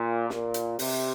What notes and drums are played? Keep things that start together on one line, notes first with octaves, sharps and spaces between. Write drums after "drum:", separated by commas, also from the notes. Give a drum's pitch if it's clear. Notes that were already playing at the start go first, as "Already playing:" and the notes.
Already playing: A#2
A#2, drum: snare
drum: hi-hat
C3, drum: open hi-hat